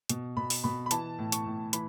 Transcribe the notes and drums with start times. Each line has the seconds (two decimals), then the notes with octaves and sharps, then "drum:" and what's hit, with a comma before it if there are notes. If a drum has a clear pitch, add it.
0.09 B2, drum: hi-hat
0.37 B2 B5
0.50 drum: open hi-hat
0.64 B2 B5
0.86 B5
0.91 E3 A5, drum: hi-hat
1.18 A2
1.32 C#6, drum: hi-hat
1.46 A2
1.73 E3 B5, drum: hi-hat